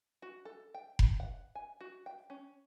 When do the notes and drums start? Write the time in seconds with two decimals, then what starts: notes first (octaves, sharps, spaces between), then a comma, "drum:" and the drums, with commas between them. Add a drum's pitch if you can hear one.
0.22 F#4
0.45 A4
0.74 G5
0.99 drum: kick F1
1.20 F#5
1.55 G#5
1.81 F#4
2.06 G5
2.30 C#4